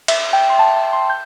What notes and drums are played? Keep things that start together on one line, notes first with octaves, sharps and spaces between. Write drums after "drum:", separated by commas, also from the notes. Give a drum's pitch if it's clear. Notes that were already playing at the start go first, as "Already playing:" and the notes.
E5, drum: cymbal
G5
C6
A5
A5
C6
G6